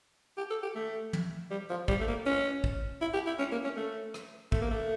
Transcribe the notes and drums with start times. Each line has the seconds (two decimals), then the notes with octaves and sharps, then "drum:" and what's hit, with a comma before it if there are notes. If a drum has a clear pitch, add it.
0.38 G4
0.50 A4
0.63 G4
0.75 A3
1.13 drum: tom
1.51 G3
1.70 F3
1.88 G3, drum: kick
2.01 A3
2.08 A#3
2.26 C#4
2.64 drum: kick
3.01 E4
3.13 G4
3.27 E4
3.39 C#4
3.52 A#3
3.64 C#4
3.76 A3
4.14 drum: rim click
4.52 A3, drum: kick
4.61 A#3
4.70 A3